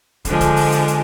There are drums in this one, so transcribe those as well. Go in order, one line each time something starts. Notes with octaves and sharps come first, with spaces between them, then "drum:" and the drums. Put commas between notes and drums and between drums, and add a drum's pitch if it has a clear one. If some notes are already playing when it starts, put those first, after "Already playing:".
D3 F3 G#3, drum: kick, hi-hat
drum: kick, hi-hat
drum: open hi-hat
drum: hi-hat
drum: hi-hat